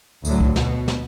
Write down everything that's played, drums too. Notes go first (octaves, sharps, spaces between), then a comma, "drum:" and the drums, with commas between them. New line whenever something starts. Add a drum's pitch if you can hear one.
D2 A2 D3 F#3, drum: tambourine
drum: kick C2
B2, drum: snare
drum: snare